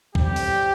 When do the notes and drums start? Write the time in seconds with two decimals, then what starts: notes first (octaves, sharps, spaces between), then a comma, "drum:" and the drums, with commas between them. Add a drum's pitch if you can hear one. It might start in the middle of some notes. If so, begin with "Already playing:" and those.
0.15 A2 G3 C4 G4, drum: kick
0.36 drum: open hi-hat